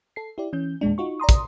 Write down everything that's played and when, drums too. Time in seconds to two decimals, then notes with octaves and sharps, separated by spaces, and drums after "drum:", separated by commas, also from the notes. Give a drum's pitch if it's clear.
0.16 A4 C7
0.38 E4 G4 D5
0.53 E3 C#4 G6
0.81 E2 A#2 G#3 D4
0.98 D#4 F4 F#4 C#6
1.20 D5 A#5 C6 D#6
1.29 drum: kick, hi-hat